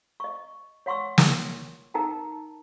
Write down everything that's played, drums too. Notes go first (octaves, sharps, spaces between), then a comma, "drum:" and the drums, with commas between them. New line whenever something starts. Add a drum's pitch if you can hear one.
D#5 C#6
C#5 F#5 C6 C#6 E6
drum: snare
D#4 A#4 G5 A5 A#5